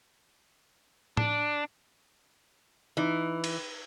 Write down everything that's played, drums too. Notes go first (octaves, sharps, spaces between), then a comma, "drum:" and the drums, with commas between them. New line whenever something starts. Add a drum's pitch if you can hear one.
D4, drum: tom A2
E3 D#4
drum: cymbal